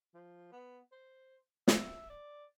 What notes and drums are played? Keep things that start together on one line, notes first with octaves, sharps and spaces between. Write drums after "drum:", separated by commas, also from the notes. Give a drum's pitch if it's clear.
F3
B3
C5
E5, drum: snare
D5